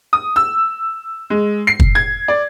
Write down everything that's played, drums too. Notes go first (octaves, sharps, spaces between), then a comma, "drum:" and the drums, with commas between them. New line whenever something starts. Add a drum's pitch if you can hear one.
D#6
E6
G#3
C7
drum: kick
G#6
D5